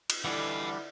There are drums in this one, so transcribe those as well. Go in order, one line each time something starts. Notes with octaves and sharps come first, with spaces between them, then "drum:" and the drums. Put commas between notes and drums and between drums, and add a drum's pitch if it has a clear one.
drum: cymbal
D3 E3 G3 D4 E4 D#5 F#5